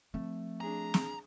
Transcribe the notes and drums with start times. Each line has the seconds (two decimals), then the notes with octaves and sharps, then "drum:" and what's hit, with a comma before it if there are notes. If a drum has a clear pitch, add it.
0.14 F3 A3 C4
0.61 D4 G#4 A#5
0.94 drum: snare